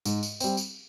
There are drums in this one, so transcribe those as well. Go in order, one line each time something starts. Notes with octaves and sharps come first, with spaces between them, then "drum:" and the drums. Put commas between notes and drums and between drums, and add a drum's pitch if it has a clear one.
G#2, drum: tambourine
drum: tambourine
G3 C4, drum: tambourine
drum: tambourine